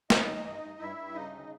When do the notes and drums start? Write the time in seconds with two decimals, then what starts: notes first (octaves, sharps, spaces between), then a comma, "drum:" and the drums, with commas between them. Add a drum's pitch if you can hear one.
0.10 A2 D#4 D#5, drum: snare
0.28 E3
0.45 G2
0.63 G2
0.79 G2 E4 E5
0.98 G2
1.14 C#3 D#4 D#5
1.33 D2